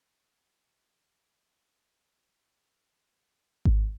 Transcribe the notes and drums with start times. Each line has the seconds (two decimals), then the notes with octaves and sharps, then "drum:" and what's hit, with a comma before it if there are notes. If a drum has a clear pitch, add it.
0.22 A#1 F2 D#3
1.62 D#5 E5 A5
2.37 G4
3.25 D6
3.65 drum: kick G#1